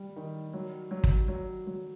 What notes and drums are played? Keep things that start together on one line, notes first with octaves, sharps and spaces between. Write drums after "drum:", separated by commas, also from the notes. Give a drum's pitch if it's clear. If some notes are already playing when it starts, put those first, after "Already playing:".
Already playing: G3
D#3
F#3
F#3
drum: kick
F#3
F#3